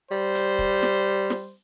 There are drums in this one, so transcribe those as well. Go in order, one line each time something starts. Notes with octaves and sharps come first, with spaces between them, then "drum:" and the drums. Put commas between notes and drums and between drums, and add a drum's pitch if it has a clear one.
G3 C5
drum: hi-hat
drum: kick
drum: snare
drum: snare